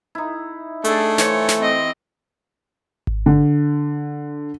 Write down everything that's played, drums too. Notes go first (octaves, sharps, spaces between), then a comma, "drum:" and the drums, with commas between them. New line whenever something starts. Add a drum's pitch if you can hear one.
D#4 E4
A3 D4 G#4 A4, drum: hi-hat
E3 F4 C5 C#5, drum: snare
drum: snare
C4 D#5
drum: kick G#1
D3